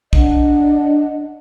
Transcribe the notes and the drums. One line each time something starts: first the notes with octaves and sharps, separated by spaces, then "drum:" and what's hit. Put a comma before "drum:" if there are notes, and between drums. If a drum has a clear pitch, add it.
D4 D#5 F#5, drum: kick A#1